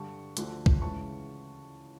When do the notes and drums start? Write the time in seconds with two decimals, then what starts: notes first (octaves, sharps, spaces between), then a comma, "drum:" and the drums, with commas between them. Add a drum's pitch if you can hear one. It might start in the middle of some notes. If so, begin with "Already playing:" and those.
Already playing: G2 D3 G3 A5 C#6
0.37 D2 D3 F3, drum: hi-hat
0.66 drum: kick
0.82 C#2 C#3 E3 A5 C#6